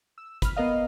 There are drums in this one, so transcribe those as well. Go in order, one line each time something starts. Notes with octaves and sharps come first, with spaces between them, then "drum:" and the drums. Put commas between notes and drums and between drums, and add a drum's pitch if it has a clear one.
E6
B5 F6, drum: kick, hi-hat
B3 A#4 D#5 F5